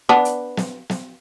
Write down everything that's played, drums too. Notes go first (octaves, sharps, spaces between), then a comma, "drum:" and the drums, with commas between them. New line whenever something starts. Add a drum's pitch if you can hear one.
B3 D4
drum: hi-hat
drum: snare
drum: snare